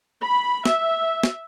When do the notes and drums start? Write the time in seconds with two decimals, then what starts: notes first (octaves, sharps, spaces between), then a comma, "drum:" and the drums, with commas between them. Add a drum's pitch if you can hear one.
0.19 B5
0.66 E5, drum: snare
1.23 drum: snare